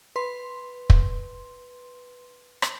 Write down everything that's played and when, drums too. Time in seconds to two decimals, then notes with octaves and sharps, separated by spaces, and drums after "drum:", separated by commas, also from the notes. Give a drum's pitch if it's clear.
0.16 B4 C6
0.90 drum: kick
2.62 drum: rim click